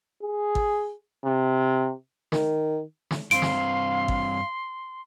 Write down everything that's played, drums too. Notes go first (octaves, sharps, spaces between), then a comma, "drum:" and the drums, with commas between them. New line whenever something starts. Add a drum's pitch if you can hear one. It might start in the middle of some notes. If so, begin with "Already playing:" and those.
G#4
drum: kick G#1
C3
D#3, drum: snare
drum: snare
G2 C4 F5 C6 D7, drum: hi-hat
drum: snare
drum: kick G#1